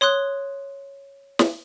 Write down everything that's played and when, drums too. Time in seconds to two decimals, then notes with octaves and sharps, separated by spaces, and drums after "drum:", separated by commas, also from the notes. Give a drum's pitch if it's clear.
0.01 C#5 C6 D#6 F#6
1.39 drum: snare